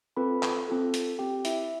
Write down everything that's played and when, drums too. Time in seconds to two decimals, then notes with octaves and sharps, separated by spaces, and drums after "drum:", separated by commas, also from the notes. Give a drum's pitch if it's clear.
0.17 C4 F4 A4 B4 B5
0.43 drum: clap
0.68 C4 F4 A4
0.94 drum: hi-hat
1.19 C4 G4 G5
1.45 E4 E5, drum: hi-hat